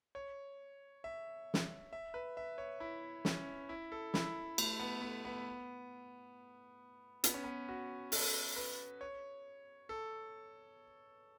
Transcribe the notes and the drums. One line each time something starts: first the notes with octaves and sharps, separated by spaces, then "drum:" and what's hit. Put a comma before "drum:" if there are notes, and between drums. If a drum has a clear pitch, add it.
C#5
E5
drum: snare
E5
B4
E5
C#5
E4
C#4, drum: snare
E4
A4
E4, drum: snare
A3, drum: cymbal
B3
A3
B3
B3, drum: hi-hat
C#4
B3
F#4
A4, drum: open hi-hat
B4
C#5
A4